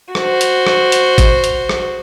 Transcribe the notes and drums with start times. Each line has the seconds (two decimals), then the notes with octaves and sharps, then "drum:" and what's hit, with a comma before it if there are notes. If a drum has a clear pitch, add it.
0.15 F#4 C5, drum: rim click
0.41 drum: hi-hat
0.67 drum: rim click
0.92 drum: hi-hat
1.18 drum: kick, hi-hat
1.44 drum: hi-hat
1.69 drum: rim click